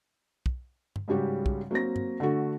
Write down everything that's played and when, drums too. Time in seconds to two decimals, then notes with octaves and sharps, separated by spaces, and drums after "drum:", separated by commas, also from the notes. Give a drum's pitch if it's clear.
0.46 drum: kick
0.96 drum: tom
1.08 G#2 C#3 G3 F#4 G4
1.46 drum: kick
1.71 F#3 A#3 C4 A#6
1.96 drum: tom
2.20 D3 A3 F#4